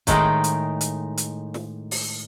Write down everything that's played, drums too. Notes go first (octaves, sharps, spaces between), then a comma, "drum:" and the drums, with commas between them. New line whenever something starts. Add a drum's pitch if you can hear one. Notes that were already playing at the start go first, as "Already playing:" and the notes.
A2 D#3 G#3 D#4 G5, drum: kick, hi-hat
drum: hi-hat
drum: hi-hat
drum: hi-hat
drum: snare
drum: open hi-hat